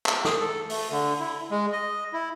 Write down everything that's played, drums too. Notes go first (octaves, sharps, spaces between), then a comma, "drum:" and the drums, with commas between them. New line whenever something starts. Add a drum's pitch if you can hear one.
drum: clap
G#4, drum: snare
A4
A3, drum: open hi-hat
D3
E4
G#3
D#5
E4